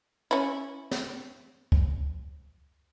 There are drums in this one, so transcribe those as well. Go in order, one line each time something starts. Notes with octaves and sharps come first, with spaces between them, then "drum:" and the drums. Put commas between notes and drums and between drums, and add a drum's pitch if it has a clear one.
C#4 E4
drum: snare
drum: kick C#2